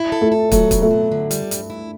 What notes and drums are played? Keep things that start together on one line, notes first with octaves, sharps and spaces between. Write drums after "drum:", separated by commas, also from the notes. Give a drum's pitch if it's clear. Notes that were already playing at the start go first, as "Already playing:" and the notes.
Already playing: E4
A4
A3
A4
F#3 A3, drum: kick, hi-hat
B2, drum: kick, hi-hat
A3
F#3
D3
G3, drum: hi-hat
G2, drum: hi-hat
E4